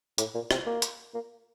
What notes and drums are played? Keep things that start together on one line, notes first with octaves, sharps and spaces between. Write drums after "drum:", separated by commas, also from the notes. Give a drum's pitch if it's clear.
A2, drum: hi-hat
A#2
C3, drum: rim click
A#3
drum: hi-hat
A#3